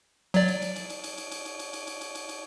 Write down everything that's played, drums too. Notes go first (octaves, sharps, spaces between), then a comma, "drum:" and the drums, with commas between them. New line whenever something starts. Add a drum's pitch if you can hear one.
F#3 D5, drum: cymbal
drum: cymbal
drum: cymbal
drum: cymbal
drum: cymbal
drum: cymbal
drum: cymbal
drum: cymbal
drum: cymbal
drum: cymbal
drum: cymbal
drum: cymbal
drum: cymbal
drum: cymbal
drum: cymbal